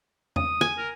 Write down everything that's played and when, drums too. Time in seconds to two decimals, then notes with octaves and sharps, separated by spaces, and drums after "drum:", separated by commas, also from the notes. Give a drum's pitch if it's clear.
0.36 D#6, drum: tom E2
0.61 G#5
0.77 A#4